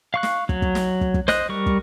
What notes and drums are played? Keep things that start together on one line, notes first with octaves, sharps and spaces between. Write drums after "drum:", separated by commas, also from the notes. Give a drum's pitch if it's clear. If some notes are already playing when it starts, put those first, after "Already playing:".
F5 C#6 F#6
drum: snare
F#3, drum: kick
drum: kick
drum: snare
drum: kick
drum: kick
C5 D#5 F#6, drum: snare
G3 A#4 C#6
drum: kick